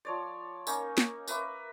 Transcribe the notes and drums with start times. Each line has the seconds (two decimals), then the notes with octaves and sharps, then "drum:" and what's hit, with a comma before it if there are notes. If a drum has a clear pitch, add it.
0.05 F3 C#5 D5
0.67 A#3 C#4 D#4, drum: tambourine
0.98 drum: snare
1.28 A#4 B4 E5 D6, drum: tambourine